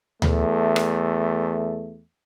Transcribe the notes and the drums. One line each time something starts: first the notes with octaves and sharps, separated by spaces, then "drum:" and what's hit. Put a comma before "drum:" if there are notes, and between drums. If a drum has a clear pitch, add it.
E2 A3, drum: tom D2
drum: rim click